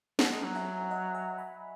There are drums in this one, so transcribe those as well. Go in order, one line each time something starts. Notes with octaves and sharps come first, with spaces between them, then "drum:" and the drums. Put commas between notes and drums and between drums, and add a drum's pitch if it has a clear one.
F#3 F#5 A#5, drum: snare
G#3
F#3
E5 G#5
D#5 F#5
E5 G#5
G#5 B5